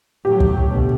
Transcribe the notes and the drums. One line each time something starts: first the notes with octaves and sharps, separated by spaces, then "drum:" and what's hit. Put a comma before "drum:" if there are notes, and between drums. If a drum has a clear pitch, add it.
A2 F#3 G4
drum: kick
D2 B2